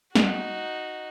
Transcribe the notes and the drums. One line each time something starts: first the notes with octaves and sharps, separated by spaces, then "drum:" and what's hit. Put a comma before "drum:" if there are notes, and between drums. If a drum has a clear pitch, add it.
D#4 F#4, drum: snare